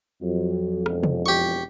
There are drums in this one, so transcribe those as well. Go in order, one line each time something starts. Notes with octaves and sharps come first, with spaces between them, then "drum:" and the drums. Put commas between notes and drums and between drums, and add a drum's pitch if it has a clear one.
F2 F#3
E1, drum: rim click
drum: tom
G4 C#6